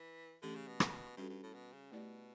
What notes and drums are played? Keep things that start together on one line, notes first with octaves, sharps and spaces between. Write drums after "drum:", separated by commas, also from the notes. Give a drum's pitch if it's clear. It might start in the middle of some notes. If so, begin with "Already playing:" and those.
Already playing: E3
D3 E3 A3 C#4 G4
C#3
B2
drum: rim click
G2 G3 C#4 F#4 A4
G2
A2
B2
C#3
B2 A3 E4 G4 D5